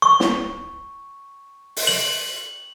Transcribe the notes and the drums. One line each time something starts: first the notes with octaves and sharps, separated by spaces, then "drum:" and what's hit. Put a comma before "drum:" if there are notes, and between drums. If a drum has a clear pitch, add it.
C#6
drum: snare
drum: open hi-hat
F#7